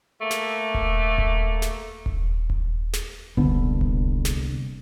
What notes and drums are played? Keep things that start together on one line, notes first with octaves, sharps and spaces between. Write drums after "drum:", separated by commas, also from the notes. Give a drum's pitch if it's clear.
A3 A#3
drum: snare
drum: kick D#1
drum: kick D#1
drum: snare
drum: kick D#1
drum: kick D#1
drum: snare
C2 A#2 D3 B3, drum: kick D#1
drum: kick D#1
drum: snare